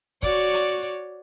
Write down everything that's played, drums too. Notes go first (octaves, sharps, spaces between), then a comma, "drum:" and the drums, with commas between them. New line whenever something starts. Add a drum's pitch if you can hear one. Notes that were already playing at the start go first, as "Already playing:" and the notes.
F#4 C#5 D5, drum: kick
drum: hi-hat